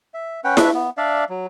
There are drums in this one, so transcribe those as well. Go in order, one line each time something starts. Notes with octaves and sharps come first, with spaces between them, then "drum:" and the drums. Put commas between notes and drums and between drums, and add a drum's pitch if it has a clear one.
E5
C#4 B4 F#5 G5
D4 B4 E5 C#6, drum: snare E4
B3
D4 D5 E5 F5
F#3